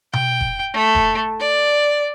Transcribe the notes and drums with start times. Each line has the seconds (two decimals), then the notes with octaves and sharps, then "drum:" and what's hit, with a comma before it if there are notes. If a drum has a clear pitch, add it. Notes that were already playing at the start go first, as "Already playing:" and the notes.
0.13 G5, drum: tom B2
0.41 drum: kick E1
0.74 A3
0.95 drum: kick E1
1.40 D5